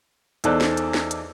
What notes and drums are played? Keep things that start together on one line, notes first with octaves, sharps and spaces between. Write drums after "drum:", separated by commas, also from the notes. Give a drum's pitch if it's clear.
E2 D#4 A4 C5 D5 F#6, drum: hi-hat
drum: snare
drum: hi-hat
drum: snare
drum: hi-hat